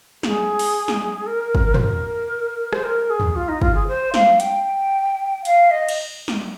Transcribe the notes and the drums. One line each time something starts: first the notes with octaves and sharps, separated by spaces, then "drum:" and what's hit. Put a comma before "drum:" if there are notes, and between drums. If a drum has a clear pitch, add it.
G#4, drum: snare
drum: open hi-hat
drum: snare
A#4
drum: kick
C5, drum: tom
A#4
C5, drum: rim click
A#4
G#4
drum: tom
F4
D#4
F4, drum: kick
G#4
C5
F5, drum: snare
G5, drum: hi-hat
F5, drum: hi-hat
D#5
drum: cymbal
drum: snare